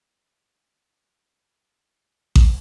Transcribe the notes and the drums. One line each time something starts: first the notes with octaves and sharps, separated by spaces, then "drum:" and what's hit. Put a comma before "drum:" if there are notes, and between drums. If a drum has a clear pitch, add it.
F#4
E4
D#4
D#4
D#4
E4
F4
drum: kick A1